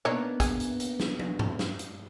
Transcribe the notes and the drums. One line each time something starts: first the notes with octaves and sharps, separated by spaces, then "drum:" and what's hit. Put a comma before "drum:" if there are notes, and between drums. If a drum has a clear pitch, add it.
A#3 B3 D4 D#4 C#5
G#4, drum: kick, hi-hat
drum: hi-hat
drum: hi-hat
drum: snare
drum: tom
drum: tom G2
drum: snare
drum: hi-hat